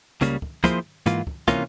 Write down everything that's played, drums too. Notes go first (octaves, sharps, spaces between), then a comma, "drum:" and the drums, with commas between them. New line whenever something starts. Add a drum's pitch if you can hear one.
C#2 C#3 G3 A#3, drum: hi-hat
drum: kick
F3 A#3 E4 G#4 C5, drum: kick, hi-hat
G#2 E3 A#3 F4, drum: hi-hat
drum: kick
C3 E3 A#3 C#4 F4, drum: kick, hi-hat